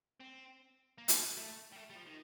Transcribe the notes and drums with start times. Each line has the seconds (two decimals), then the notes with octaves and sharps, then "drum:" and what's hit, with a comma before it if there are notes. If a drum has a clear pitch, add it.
0.20 C4
0.98 A#3
1.08 drum: hi-hat
1.37 A3
1.72 G3
1.76 A3
1.90 G3
1.96 F3
2.07 D#3